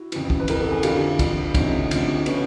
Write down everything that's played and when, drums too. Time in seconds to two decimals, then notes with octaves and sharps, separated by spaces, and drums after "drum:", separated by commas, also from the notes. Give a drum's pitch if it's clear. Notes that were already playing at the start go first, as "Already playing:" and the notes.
Already playing: E4 F#4
0.12 F2 C#3 E3, drum: cymbal
0.30 drum: kick
0.40 B4
0.48 F2 C#3 E3 A#4, drum: cymbal
0.61 A4
0.72 G#4
0.83 F2 D3 F3 F4 G4, drum: cymbal
1.19 F2 D3 F3, drum: kick, cymbal
1.55 D2 C3 F3 C#4 D#4, drum: kick, cymbal
1.91 D2 C3 F3, drum: cymbal
2.26 C#3 F3 B3 C#4, drum: cymbal